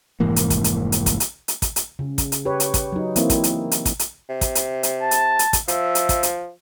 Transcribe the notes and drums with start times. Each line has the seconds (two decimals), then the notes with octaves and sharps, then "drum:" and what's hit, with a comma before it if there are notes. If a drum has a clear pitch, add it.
0.20 F1 G#2 E3 A#3
0.36 drum: hi-hat
0.50 drum: kick, hi-hat
0.64 drum: hi-hat
0.92 drum: hi-hat
1.06 drum: kick, hi-hat
1.20 drum: hi-hat
1.48 drum: hi-hat
1.62 drum: kick, hi-hat
1.76 drum: hi-hat
1.99 C#3
2.18 drum: kick, hi-hat
2.32 drum: hi-hat
2.45 G4 B4 C#5
2.60 drum: hi-hat
2.74 drum: kick, hi-hat
2.92 F#3 D#4
3.16 E3 A#3 C4 E4, drum: hi-hat
3.30 drum: kick, hi-hat
3.44 drum: hi-hat
3.71 drum: hi-hat
3.85 drum: kick, hi-hat
3.99 drum: hi-hat
4.29 C3
4.41 drum: kick, hi-hat
4.55 drum: hi-hat
4.83 drum: hi-hat
5.01 A5
5.11 drum: hi-hat
5.39 drum: hi-hat
5.53 drum: kick, hi-hat
5.68 F3 E5, drum: hi-hat
5.95 drum: hi-hat
6.09 drum: kick, hi-hat
6.23 drum: hi-hat